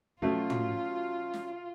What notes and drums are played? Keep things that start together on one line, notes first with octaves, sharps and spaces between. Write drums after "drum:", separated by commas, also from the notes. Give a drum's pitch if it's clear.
B2 F#3 A3 C#4 F4
drum: tom
drum: snare